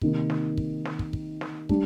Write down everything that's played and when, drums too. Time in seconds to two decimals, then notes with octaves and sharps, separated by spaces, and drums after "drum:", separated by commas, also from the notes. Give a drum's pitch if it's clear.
0.01 C3 D#3 A#3 D#4, drum: kick
0.30 drum: snare
0.57 drum: kick
0.85 drum: snare
0.99 drum: kick
1.13 drum: kick
1.41 drum: snare
1.69 G3 D4, drum: kick